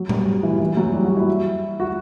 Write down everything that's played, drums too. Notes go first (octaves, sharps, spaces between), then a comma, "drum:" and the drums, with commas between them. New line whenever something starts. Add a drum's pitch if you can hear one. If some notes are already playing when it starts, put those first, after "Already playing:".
Already playing: F#3
G3, drum: tom A#2
E3
E3
F#3
G3
F#4
E4
F#4